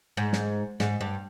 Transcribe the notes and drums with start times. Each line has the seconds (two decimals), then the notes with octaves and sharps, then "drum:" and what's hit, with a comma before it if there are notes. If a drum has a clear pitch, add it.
0.17 G#2
0.33 drum: snare
0.80 G#2, drum: snare
1.01 G2